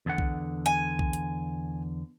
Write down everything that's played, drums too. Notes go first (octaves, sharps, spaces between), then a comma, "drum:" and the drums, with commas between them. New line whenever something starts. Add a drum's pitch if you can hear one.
E2 D3 F#5
drum: kick B1
G#5
drum: kick B1
drum: hi-hat